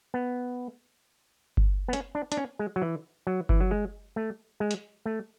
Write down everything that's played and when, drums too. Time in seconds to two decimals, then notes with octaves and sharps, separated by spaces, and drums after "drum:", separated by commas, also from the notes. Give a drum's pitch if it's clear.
0.14 B3
1.57 drum: kick G1
1.88 B3
1.93 C#4, drum: hi-hat
2.15 D4
2.32 D4, drum: hi-hat
2.37 C#4
2.59 G#3
2.76 F#3
2.82 E3
3.27 F#3
3.49 E3, drum: kick G1
3.61 F#3
3.71 G#3
4.16 A3
4.60 G#3
4.71 drum: hi-hat
5.06 A3